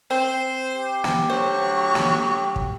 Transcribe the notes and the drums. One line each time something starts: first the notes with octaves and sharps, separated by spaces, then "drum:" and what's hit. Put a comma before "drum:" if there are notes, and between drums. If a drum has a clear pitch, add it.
C4 C5
G4
drum: snare
D2 F#3 C5 C#6
drum: snare
drum: kick